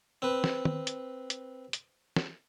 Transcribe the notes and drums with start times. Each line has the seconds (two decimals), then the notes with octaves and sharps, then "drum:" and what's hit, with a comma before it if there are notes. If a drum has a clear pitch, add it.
0.22 C4 B4
0.44 drum: snare
0.65 drum: tom
0.87 drum: hi-hat
1.30 drum: hi-hat
1.73 drum: hi-hat
2.16 drum: snare